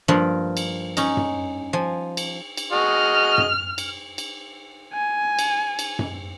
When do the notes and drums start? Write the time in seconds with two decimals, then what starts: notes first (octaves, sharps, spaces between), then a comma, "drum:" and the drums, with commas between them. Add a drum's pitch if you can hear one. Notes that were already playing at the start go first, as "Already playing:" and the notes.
0.08 G2 F3 A#3 A#4 B5
0.57 drum: cymbal
0.97 C#4 D#4, drum: cymbal
1.17 drum: tom F#2
1.73 F3 G#5
2.17 drum: cymbal
2.57 drum: cymbal
2.72 F#4 G#4 D#5 F6
3.38 drum: tom F#2
3.78 drum: cymbal
4.18 drum: cymbal
4.94 G#5
5.39 drum: cymbal
5.79 drum: cymbal
5.99 drum: tom F#2